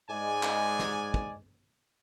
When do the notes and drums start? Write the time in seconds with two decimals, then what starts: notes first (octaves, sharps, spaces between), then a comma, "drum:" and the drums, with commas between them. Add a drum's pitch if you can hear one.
0.10 G#2 G#3 D5 G#5
0.43 drum: clap
0.79 drum: snare
1.14 drum: kick